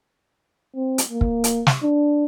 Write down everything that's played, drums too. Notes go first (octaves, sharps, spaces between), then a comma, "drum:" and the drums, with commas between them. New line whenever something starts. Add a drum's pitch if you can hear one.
C4
drum: hi-hat
A#3
drum: kick
drum: hi-hat
drum: snare
D4